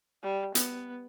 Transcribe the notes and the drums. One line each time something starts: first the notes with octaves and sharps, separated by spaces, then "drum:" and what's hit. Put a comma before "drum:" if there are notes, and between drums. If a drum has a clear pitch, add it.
G3
B3, drum: hi-hat